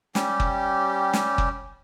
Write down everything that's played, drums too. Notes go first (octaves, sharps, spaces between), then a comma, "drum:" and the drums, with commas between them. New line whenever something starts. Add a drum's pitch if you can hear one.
G3 C#4 G4, drum: snare
drum: kick F#1
drum: snare
drum: kick F#1